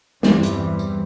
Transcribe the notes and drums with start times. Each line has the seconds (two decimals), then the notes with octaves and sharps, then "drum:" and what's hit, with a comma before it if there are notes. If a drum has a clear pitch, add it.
0.23 E2 G2 E3 G3 C4, drum: snare
0.43 drum: hi-hat
0.79 drum: tambourine